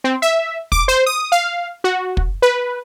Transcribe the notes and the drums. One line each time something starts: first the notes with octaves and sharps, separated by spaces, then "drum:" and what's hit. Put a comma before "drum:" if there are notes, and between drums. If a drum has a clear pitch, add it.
C4
E5
D6, drum: kick
C5
D#6
F5
F#4
drum: kick
B4